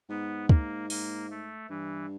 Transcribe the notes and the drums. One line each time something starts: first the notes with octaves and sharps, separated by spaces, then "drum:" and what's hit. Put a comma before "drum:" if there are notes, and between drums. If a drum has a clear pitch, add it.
G#2 B3
A#3, drum: kick
A#3, drum: open hi-hat
A3
G2 E3